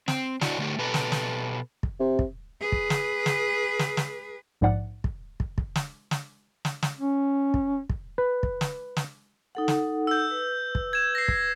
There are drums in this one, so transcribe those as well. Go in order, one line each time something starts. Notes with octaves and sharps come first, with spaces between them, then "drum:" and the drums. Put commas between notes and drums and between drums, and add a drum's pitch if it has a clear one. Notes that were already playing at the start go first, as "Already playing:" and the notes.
C4, drum: snare
D4 E4 F#4, drum: snare
D3 A3 G4
B2 G4 A4 B4
drum: snare
drum: snare
drum: kick
C3
drum: kick
G#4 B4
drum: kick
drum: snare
drum: snare
drum: snare
drum: snare
A#1 G#2 F3 D5 F#5
drum: kick
drum: kick
drum: kick
drum: snare
drum: snare
drum: snare
drum: snare
C#4
drum: kick
drum: kick
B4
drum: kick
drum: snare
drum: snare
D#4 A4 F#5
drum: snare
E6 G6
B4
drum: kick
G#6 E7
A#6 C7
drum: kick